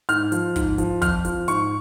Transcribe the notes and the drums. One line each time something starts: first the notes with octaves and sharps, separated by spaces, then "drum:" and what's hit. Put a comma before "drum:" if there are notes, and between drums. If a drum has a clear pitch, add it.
G#2 F6, drum: hi-hat
F3, drum: hi-hat
G#2, drum: kick, hi-hat
F3, drum: hi-hat
F2 F6, drum: kick, hi-hat
F3, drum: hi-hat
G#2 C#6, drum: hi-hat